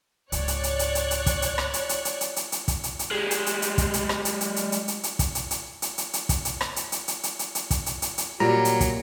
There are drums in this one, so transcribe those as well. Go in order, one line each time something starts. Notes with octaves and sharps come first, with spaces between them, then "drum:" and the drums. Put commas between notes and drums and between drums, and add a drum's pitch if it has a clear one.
C#2 G#2 C#5 D5 F#6, drum: hi-hat
drum: hi-hat
drum: hi-hat
drum: hi-hat
drum: hi-hat
drum: hi-hat
drum: kick, hi-hat
drum: hi-hat
drum: rim click
drum: hi-hat
drum: hi-hat
drum: hi-hat
drum: hi-hat
drum: hi-hat
drum: hi-hat
drum: kick, hi-hat
drum: hi-hat
drum: hi-hat
G3 G#3
drum: hi-hat
drum: hi-hat
drum: hi-hat
drum: kick, hi-hat
drum: hi-hat
drum: rim click
drum: hi-hat
drum: hi-hat
drum: hi-hat
drum: hi-hat
drum: hi-hat
drum: hi-hat
drum: kick, hi-hat
drum: hi-hat
drum: hi-hat
drum: hi-hat
drum: hi-hat
drum: hi-hat
drum: kick, hi-hat
drum: hi-hat
drum: rim click
drum: hi-hat
drum: hi-hat
drum: hi-hat
drum: hi-hat
drum: hi-hat
drum: hi-hat
drum: kick, hi-hat
drum: hi-hat
drum: hi-hat
drum: hi-hat
A#2 F#3 G3 A#5
drum: hi-hat
drum: kick, hi-hat